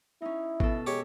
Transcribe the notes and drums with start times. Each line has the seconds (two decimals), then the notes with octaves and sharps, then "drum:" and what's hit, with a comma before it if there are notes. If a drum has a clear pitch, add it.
0.22 C#4 D#4 E4
0.60 B2 A4, drum: kick
0.87 G#3 G4 C#5